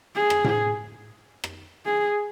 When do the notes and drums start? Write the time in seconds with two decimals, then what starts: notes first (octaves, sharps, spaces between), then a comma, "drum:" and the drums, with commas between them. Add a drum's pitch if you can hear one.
0.15 G#4
0.30 drum: rim click
0.44 drum: tom A2
1.44 drum: rim click
1.86 G#4